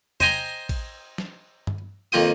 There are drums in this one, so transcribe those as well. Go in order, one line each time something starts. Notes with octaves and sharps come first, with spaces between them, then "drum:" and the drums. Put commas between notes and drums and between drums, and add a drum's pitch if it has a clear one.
C5 D#5 G5 G#5 A#5 C6, drum: tom
drum: kick A1, cymbal
drum: snare
drum: tom G2
F2 D#3 A#3 F4 G5 D#6